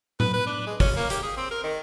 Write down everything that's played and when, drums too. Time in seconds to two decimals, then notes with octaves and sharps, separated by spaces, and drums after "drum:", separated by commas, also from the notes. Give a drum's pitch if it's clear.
0.20 B4, drum: tom A2
0.34 B4
0.47 D4
0.66 G#3
0.80 C#4, drum: kick, open hi-hat
0.97 A#3
1.10 G4, drum: hi-hat
1.23 G#4
1.37 C4
1.51 A#4
1.64 D#3